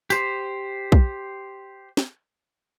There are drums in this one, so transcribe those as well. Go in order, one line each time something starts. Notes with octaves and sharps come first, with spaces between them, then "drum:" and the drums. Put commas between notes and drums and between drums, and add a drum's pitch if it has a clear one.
G4 C5, drum: tambourine
drum: kick
drum: snare